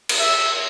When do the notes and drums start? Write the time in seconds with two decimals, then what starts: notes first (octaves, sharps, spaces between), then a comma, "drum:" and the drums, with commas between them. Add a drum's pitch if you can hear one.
0.09 drum: cymbal
0.19 E5